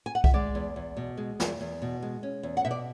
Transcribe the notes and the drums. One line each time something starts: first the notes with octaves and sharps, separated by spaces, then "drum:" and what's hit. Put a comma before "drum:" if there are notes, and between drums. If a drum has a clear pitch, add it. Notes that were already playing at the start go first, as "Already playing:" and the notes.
G#5
F#5
E5, drum: kick C2
G#3 D5
E2
E2
B2
G#3
E2, drum: snare
E2
B2
G#3
C#4
E2
F#5
B2 E5
D5